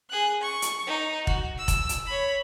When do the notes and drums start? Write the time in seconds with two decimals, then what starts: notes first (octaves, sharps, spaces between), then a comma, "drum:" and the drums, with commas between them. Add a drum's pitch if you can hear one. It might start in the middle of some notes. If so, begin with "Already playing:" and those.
0.10 G#4 F#6
0.41 C#6
0.62 drum: hi-hat
0.87 D#4
1.27 F#4, drum: kick F1
1.58 E6
1.68 drum: kick F1, hi-hat
1.89 drum: hi-hat
2.07 C#5 B5